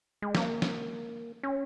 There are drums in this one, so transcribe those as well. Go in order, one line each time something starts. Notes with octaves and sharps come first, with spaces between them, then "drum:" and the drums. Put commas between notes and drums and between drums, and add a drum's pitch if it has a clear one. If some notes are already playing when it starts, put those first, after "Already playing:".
G#3
A#3, drum: snare
drum: snare
C#4